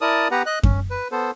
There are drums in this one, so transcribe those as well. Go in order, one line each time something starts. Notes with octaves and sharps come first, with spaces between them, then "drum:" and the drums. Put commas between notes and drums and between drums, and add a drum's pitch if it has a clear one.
E4 A#4 D5 A5 D#6
B3 G4 B4 F#5 A#5
D#5 F#6
C#4, drum: kick F#2
B4
B3 A4 C5